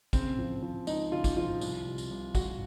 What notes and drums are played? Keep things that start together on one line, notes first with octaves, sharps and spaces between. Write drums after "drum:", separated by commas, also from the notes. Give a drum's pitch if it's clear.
C#3 C4, drum: kick, tambourine
F3
F3
C#2 D#4, drum: tambourine
C#3 F4
drum: kick, tambourine
F3 F4
C2, drum: tambourine
C3
drum: tambourine
C2
F#3 F#4, drum: kick, tambourine